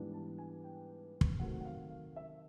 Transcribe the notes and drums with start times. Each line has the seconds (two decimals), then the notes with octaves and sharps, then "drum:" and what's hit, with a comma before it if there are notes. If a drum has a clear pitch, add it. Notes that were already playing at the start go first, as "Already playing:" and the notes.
Already playing: G#2 E3 G3 B3 D4
0.13 A5
0.38 G#5
0.64 G5
1.21 drum: kick
1.39 C3 D#3 F#3 A3 C4 F#5
1.61 F#5
1.65 F5
1.90 F5
2.16 E5